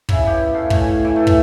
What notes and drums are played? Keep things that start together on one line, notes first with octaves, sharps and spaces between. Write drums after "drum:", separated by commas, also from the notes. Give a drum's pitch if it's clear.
C#3 E4, drum: kick
B3 G4
A3 F5
A2 C#5 G#5, drum: kick
E3
A3
drum: kick